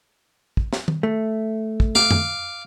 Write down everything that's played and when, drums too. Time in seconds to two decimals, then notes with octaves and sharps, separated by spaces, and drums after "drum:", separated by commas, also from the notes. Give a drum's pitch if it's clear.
0.57 drum: kick
0.73 drum: snare
0.88 drum: tom D#3
1.03 A3
1.80 drum: kick
1.95 F5 D6, drum: snare
2.11 drum: tom F2